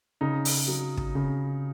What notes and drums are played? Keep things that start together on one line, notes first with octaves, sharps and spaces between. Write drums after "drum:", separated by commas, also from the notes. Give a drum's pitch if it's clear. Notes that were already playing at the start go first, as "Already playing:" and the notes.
C#3 D#4
drum: open hi-hat
F#3
drum: kick
C#3